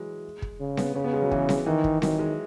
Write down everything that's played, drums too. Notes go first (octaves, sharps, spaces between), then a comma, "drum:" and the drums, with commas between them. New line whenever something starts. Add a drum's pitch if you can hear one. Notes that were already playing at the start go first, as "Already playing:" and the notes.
Already playing: E3 F#3 G#3
drum: kick
C#3
B3, drum: snare C4
C#3 C#4
B3
G#3
F#3
E3, drum: kick
drum: snare C4
D#3 E3
drum: kick
D#3 F#3, drum: snare C4
G#3